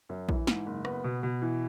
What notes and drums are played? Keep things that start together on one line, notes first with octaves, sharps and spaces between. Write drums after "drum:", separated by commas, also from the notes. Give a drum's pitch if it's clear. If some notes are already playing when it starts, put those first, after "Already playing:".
F#2
E3, drum: kick A#1
G#2, drum: snare
F#1
B3, drum: rim click
B2
B2
E3